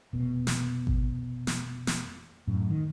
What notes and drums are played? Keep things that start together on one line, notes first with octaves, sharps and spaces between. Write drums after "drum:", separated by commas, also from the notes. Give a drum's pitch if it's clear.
F1 B2
drum: snare
drum: kick G#1
drum: snare
drum: snare
F#2 A2
D#3